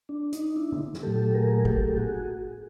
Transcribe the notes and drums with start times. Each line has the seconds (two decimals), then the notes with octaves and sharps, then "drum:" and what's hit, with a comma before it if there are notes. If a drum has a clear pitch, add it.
0.09 D4
0.33 D#4, drum: hi-hat
0.56 D4 E4
0.72 drum: tom D3
0.94 drum: snare
1.03 A#2 F#3 A3 G4 A4
1.34 G#4 A#4
1.65 G4 A4, drum: kick
1.97 F#4 G#4, drum: tom A2